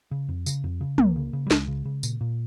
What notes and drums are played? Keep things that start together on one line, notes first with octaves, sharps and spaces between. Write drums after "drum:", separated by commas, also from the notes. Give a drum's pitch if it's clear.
C#3
F2
C#3, drum: tambourine
F2
C#3
C#2 A#3, drum: tom
C#3
C#3
G3
C#2 G#3, drum: snare
C#3
C#3
A#2, drum: tambourine
A#2